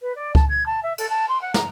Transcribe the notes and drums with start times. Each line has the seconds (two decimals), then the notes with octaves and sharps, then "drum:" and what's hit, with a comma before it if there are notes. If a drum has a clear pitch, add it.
0.01 B4
0.15 D5
0.35 A5, drum: kick C#2
0.49 G#6
0.66 A5
0.83 E5
0.98 A4, drum: cymbal
1.10 A5
1.28 C6
1.41 F#5
1.54 A#5, drum: snare